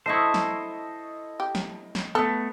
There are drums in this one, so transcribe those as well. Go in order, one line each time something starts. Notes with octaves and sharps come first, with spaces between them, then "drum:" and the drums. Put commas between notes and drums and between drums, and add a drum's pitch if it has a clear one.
E4 A4 C5 D#5 C#6
drum: snare
G4
drum: snare
drum: snare
A3 B3 A4